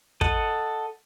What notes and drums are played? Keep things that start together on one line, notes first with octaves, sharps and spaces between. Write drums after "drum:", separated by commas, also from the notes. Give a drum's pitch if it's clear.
A4 D#5 F#5, drum: kick